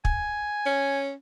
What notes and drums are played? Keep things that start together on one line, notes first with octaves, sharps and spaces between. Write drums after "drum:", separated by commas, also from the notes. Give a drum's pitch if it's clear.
G#5, drum: kick
C#4